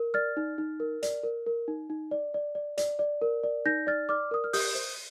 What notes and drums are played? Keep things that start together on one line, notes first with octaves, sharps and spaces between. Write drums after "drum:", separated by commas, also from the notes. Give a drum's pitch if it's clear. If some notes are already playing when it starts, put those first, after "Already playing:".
Already playing: A#4
D5 F6 A6
D#4
D#4
A#4
D5, drum: hi-hat
A#4
A#4
D#4
D#4
D5
D5
D5
D5, drum: hi-hat
D5
A#4
D5
D#4 G6 A#6
D5 F6 A6
D5 D6 F6
A#4 D#6
F6
G4 D#6 G6, drum: open hi-hat
C5